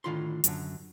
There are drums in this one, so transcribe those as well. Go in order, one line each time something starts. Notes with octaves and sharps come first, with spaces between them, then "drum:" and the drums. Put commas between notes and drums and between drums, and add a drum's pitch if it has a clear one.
A2 D3 D#3 F4 B5 C6
F#2 D3, drum: hi-hat